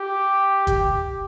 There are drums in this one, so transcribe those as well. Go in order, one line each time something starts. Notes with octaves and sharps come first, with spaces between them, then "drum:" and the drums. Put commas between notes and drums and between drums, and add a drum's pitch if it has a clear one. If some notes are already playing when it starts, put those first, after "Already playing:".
Already playing: G4
G4, drum: kick, hi-hat